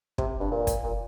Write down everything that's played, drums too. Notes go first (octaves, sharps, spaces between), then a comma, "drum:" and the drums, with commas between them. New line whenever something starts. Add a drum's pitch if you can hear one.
C3, drum: kick
G2
A#2
drum: kick, hi-hat
A#2